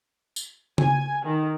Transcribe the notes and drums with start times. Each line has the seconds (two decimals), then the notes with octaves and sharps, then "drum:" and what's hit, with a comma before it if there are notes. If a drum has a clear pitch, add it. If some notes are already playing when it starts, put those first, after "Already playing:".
0.36 drum: tambourine
0.78 G#5, drum: tom C#3
1.26 D#3